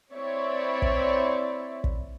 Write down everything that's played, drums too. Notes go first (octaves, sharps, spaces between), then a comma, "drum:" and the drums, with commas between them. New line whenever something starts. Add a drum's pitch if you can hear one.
C4 E4 C#5 D5 E5
drum: kick
drum: kick